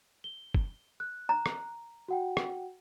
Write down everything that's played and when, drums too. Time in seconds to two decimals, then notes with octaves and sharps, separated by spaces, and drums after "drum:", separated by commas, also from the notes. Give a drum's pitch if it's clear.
0.24 G7
0.54 drum: kick
1.00 F#6
1.29 A#5
1.46 drum: rim click
2.08 F#4 F#5 G5
2.37 drum: rim click